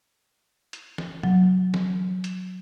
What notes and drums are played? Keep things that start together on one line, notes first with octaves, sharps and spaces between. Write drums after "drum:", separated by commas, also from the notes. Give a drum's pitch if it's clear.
drum: hi-hat
drum: snare
F#3, drum: tom C3
drum: snare
drum: hi-hat